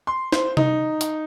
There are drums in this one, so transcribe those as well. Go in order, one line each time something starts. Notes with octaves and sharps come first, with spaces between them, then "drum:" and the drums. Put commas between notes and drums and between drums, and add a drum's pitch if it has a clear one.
C6
C5, drum: snare
D#4, drum: tom C3
drum: hi-hat